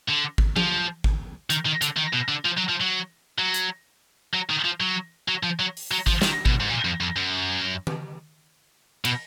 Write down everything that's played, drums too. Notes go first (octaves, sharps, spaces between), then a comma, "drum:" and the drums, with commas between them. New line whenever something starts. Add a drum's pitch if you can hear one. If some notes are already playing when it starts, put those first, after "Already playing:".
D3
drum: kick G#1
F3, drum: tom F3
drum: kick G#1
D#3, drum: hi-hat
D#3
D3, drum: hi-hat
D#3
B2
D3
F3
F#3
F3
F#3
F#3
drum: hi-hat
F#3
D#3
F3
F#3
F#3
F3
F#3
drum: open hi-hat
F#3
F3, drum: kick G#1
D#3, drum: snare
B2, drum: kick G#1
G#2
A#2
F2
F2
F#2
drum: tom D#3
B2, drum: cymbal